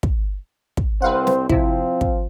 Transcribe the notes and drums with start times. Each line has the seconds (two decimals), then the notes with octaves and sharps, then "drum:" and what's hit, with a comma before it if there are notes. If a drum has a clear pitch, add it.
0.03 drum: kick
0.77 drum: kick
1.02 C2 C4 B4 C5 F5 F#5
1.27 drum: snare
1.49 C3 F3 C4 E4 F4, drum: kick
2.01 drum: kick